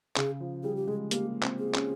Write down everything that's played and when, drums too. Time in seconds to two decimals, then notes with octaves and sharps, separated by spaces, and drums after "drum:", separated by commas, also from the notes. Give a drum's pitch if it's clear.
0.16 C#3 G#4, drum: clap
0.40 F3
0.63 G3 G#4
0.76 G4
0.87 G#3 G#4
1.11 A#3 G4, drum: hi-hat
1.43 C4, drum: clap
1.59 G#4
1.74 C#4, drum: clap